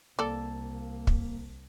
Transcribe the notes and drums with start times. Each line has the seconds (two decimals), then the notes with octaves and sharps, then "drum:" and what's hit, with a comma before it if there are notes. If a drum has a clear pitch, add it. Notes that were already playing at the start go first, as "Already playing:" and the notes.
0.19 C2 A#3 A4 D5 A5
1.07 drum: kick